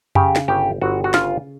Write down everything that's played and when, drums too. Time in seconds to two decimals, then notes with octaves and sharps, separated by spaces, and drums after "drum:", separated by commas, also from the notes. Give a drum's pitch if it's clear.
0.15 C#3 G4, drum: tom F2
0.36 drum: snare
0.48 G1 G4
0.82 G1 F#4
1.04 F#4
1.14 C#3 F4, drum: snare